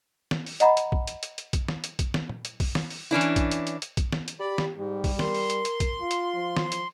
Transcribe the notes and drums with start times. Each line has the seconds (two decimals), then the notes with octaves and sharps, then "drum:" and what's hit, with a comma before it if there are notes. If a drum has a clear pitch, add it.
0.31 drum: snare
0.46 drum: open hi-hat
0.60 D#5 F#5 A#5 B5, drum: hi-hat
0.77 drum: hi-hat
0.92 drum: kick
1.07 drum: hi-hat
1.23 drum: hi-hat
1.38 drum: hi-hat
1.53 drum: kick, hi-hat
1.68 drum: snare
1.84 drum: hi-hat
1.99 drum: kick, hi-hat
2.14 drum: snare
2.29 drum: tom
2.45 drum: hi-hat
2.60 drum: kick, open hi-hat
2.75 drum: snare
2.90 drum: open hi-hat
3.11 E3 C#4 D4 E4
3.21 drum: hi-hat
3.36 drum: kick, hi-hat
3.51 drum: hi-hat
3.67 drum: hi-hat
3.82 drum: hi-hat
3.97 drum: kick, hi-hat
4.12 drum: snare
4.28 drum: hi-hat
4.40 G4 D5 B5
4.58 drum: snare
4.77 G#2 G3 G4
5.04 drum: kick, open hi-hat
5.19 A#4 C6, drum: snare
5.35 drum: open hi-hat
5.50 drum: hi-hat
5.65 drum: hi-hat
5.80 drum: kick, hi-hat
6.01 F4
6.11 drum: hi-hat
6.35 F3
6.57 drum: snare
6.72 drum: hi-hat